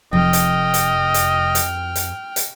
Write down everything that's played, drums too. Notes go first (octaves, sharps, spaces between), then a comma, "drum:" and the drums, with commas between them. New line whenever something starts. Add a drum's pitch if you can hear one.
F1 F2 D#5 G5 F6
drum: hi-hat
drum: hi-hat
drum: hi-hat
drum: hi-hat
drum: hi-hat
drum: hi-hat